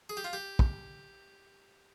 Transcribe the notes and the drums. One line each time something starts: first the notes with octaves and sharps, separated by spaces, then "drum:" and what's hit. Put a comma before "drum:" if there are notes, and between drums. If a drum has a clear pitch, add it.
G#4
G4
F4
G4
drum: kick